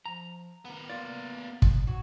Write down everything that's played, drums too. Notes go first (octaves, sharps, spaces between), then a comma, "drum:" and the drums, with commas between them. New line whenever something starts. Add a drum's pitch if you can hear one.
F3 A#5
D#3 B3 A#4
A#3 F4 D5
drum: kick
G#2 F#3 F#4